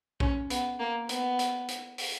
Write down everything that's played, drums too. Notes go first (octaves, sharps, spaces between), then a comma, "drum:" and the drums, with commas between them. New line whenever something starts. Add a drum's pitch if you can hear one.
C#4, drum: kick
B3, drum: hi-hat
A#3
B3, drum: hi-hat
drum: hi-hat
drum: hi-hat
drum: open hi-hat